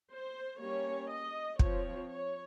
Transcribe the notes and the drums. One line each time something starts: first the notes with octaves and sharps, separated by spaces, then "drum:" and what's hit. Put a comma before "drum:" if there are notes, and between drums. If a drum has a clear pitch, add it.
C5
G3 A#3 C#4 C#5
D#5
F3 C4 C#5, drum: kick
C#5